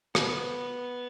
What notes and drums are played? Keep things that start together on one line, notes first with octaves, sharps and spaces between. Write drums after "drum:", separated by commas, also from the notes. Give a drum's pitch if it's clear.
B3, drum: rim click